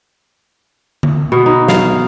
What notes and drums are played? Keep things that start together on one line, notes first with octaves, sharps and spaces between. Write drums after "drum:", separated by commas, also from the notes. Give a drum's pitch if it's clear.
drum: tom D3
B2
D#4
F5, drum: snare